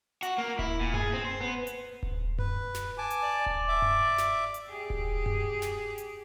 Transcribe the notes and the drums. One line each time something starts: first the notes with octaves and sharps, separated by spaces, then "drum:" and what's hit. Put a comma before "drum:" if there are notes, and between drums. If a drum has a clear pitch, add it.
F#4, drum: hi-hat
A#3
E4, drum: kick D#1
A#2
G#4, drum: tom F#2
C4
C5
B3
drum: hi-hat
drum: kick D#1
B4, drum: tom F#2
drum: snare
G#5 A5 D6
drum: hi-hat
D5
drum: kick D#1
E5 D6
drum: tom F#2
drum: snare
drum: hi-hat
G4 G#4
drum: kick D#1
drum: tom F#2
drum: snare
drum: hi-hat